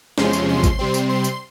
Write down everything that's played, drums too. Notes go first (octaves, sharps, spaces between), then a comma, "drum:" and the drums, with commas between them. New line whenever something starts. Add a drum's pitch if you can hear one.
E2 C3 F3 G#3 C#4 C6, drum: snare
drum: tambourine
C6
drum: kick, tambourine
C3 G3 C4
drum: tambourine
C6
drum: tambourine